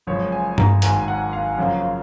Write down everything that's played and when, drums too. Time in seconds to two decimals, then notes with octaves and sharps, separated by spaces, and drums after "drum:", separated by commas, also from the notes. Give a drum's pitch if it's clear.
0.07 F#1 F#2 F3 G#3 C#5
0.32 G#5
0.58 A#5, drum: tom G2
0.82 G#1 G#2 D#3 A#3 G#5, drum: hi-hat
1.08 F#5
1.33 F5
1.58 F#2 C#3 F3 A#3